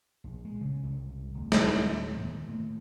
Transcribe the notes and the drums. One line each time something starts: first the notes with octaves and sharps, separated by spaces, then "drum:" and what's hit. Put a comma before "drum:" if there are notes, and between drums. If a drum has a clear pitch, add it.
A#1
G#3
C#3
C2
D1
drum: snare
D#2
A2